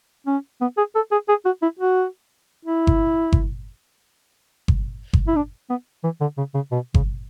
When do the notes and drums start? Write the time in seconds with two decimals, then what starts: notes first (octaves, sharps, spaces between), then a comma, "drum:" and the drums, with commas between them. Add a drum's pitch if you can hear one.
0.27 C#4
0.61 B3
0.77 G#4
0.95 A4
1.12 G#4
1.29 G#4
1.46 F#4
1.62 E4
1.79 F#4
2.65 E4
2.87 drum: kick G1
3.32 drum: kick G1
4.68 drum: kick G1
5.13 drum: kick G1
5.28 E4
5.36 D4
5.70 B3
6.04 E3
6.21 D3
6.38 C#3
6.55 C#3
6.72 B2
6.94 C#3, drum: kick G1